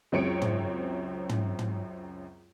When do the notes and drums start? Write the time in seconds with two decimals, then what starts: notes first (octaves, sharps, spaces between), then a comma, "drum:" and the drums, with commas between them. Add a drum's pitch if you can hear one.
0.12 C#2 F#2 C4 C#5 C#7 D7
0.42 drum: tom
1.29 drum: tom
1.59 drum: tom